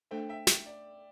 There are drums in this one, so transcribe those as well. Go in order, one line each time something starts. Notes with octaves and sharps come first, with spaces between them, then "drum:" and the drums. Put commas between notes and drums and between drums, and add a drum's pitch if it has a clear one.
A3 D4 A4 C5 E5 G5
E5 G5
E5, drum: snare
D5